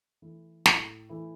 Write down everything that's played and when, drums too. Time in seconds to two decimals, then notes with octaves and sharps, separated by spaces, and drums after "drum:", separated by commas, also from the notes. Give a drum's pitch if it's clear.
0.22 E3 A3 E4
0.66 A2, drum: snare
1.09 E3 A3 E4